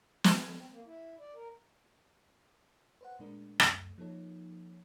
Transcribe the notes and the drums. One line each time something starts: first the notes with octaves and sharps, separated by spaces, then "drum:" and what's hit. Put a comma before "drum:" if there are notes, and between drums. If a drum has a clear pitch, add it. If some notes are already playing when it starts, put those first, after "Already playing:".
drum: snare
D3
C4
A#3
E4
D5
A#4
B4 C5 F#5
A#2 G#3 A3 D4 A#4
C#2 F#2 A3, drum: rim click
F3 A#3 D#4 A4 C#5